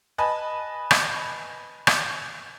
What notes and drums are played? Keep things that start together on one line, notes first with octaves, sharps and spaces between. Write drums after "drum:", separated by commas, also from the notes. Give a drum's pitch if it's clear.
B4 D#5 G#5 A5
drum: rim click
drum: rim click